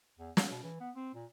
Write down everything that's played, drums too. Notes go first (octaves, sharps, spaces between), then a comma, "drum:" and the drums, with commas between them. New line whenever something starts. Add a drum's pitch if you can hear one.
E2
B3, drum: snare
B2
E3
B3
C4
A#2